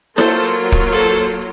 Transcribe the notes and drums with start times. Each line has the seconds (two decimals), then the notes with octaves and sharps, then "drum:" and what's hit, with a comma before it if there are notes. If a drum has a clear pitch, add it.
0.18 F#3 A#3 F4 A4 C5, drum: snare E4
0.72 drum: kick
0.93 A4 C5